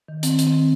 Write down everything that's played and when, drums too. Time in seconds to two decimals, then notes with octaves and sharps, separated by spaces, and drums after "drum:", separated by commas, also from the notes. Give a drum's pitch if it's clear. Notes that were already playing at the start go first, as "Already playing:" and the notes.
0.08 D#3
0.23 D#3 C4, drum: hi-hat
0.39 D#3, drum: hi-hat
0.47 C4